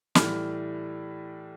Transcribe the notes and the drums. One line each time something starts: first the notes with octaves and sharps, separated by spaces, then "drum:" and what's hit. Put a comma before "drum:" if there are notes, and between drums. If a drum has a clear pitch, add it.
A2 E3 G3 F6, drum: snare